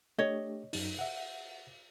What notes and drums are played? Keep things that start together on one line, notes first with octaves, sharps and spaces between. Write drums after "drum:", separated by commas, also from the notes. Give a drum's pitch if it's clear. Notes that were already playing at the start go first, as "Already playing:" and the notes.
A3 D4 G4 C#5 D#5
F#2 D#4, drum: open hi-hat
E5 F#5